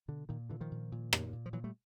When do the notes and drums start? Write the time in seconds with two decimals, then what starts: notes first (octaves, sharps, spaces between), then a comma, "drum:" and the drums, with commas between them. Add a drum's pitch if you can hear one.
0.08 B2 D3
0.29 A#2 D#3
0.49 A#2 D3 E3
0.60 D#3 F3
0.71 A#2
0.92 A#2
1.13 A#2, drum: rim click
1.33 A#2
1.46 F3
1.53 A#2 E3 F#3
1.64 G3 A3